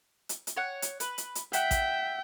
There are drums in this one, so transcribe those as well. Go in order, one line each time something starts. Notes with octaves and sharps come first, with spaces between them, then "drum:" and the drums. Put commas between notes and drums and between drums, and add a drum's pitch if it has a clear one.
drum: hi-hat
drum: hi-hat
C#5 F#5
drum: hi-hat
B4, drum: hi-hat
drum: hi-hat
drum: hi-hat
E5 F#5 G5, drum: hi-hat
drum: kick A1, hi-hat